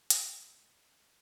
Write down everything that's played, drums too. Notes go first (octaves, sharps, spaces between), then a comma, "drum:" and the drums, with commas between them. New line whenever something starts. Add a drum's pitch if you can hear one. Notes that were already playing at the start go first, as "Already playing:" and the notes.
drum: hi-hat
G#3